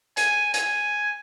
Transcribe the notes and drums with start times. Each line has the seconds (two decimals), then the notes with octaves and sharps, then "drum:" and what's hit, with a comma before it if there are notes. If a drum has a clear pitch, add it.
0.17 G#5, drum: hi-hat
0.54 G#5, drum: hi-hat